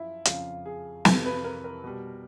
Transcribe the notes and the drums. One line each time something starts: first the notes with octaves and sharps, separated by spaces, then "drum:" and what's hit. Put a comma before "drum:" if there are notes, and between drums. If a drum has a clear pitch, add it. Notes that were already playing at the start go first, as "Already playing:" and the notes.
Already playing: F#2 F3 E4 F4
F2 C#3 F3 F4, drum: hi-hat
G#4
F2 C3 E3 A4, drum: snare
B4
A#4
A#4
B2 G3